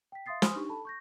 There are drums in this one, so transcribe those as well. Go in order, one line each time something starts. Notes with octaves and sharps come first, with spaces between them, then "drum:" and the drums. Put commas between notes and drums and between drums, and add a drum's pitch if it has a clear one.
G5 B6
E5 F5 C6 D#6 A6 C7
C5 G#5 B5 C6 D#6 F6, drum: snare
D4 D#4 G4 C#6
A4 A5 B5
C#6 G6 A#6